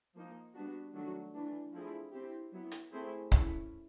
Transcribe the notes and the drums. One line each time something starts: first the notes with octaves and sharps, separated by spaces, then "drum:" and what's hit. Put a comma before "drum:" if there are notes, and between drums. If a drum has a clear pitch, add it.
F3 A#3 D#4
G3 B3 D4 F#4
D#3 F#3 A3 D4 F#4
E3 A3 D4
F3 A3 C4 E4 G#4
C4 E4 G4
F#3 B3 E4
drum: hi-hat
A3 C4 E4 G#4 C5
A3 C#4 E4, drum: kick C#1